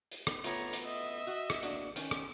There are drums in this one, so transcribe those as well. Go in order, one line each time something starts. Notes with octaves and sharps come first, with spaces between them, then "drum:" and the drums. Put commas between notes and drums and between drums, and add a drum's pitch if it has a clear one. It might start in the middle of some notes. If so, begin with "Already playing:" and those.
drum: hi-hat
drum: rim click
A3 B3 F4 C#5 A#5, drum: hi-hat
drum: hi-hat
D#5 E5
F#4
drum: rim click
A#3 D4 F#4, drum: hi-hat
D#3 C#4, drum: hi-hat
drum: rim click